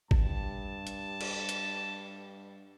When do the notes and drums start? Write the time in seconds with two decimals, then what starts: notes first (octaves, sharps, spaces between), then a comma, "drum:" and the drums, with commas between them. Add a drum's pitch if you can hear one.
0.11 G2 A5, drum: kick G#1
0.87 drum: hi-hat
1.21 drum: cymbal
1.49 drum: hi-hat